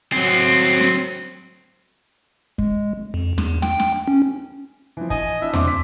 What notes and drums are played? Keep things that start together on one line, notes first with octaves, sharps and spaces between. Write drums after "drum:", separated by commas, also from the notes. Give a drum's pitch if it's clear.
F#3 C4
drum: snare
G#3, drum: kick
F2
E2, drum: snare
G5, drum: snare
drum: snare
C#4
E3 F3
D#5 G#5, drum: kick
D4 E4 E5
C4 D4 C6 D6, drum: tom E2
B6